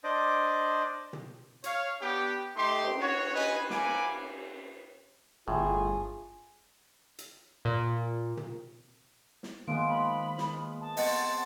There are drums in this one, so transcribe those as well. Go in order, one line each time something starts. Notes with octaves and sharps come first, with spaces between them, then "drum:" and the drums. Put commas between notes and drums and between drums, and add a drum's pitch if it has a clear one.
D4 C5 D5 D#5 D6
drum: tom
C#5 F5, drum: hi-hat
B3 D4 G4
A3 D#4 G4 C6
drum: cymbal
F#4 C#5
B4 D#5 G#5
A#3 F#5 G#5 B5 D6, drum: snare
G1 A2 F4 G#4
drum: hi-hat
A#2
drum: tom
drum: snare
D#3 F3 G#3 A#3 B3 D7
B5
drum: snare
A5
B3 C4 D#5 F#5 C#6 A6, drum: open hi-hat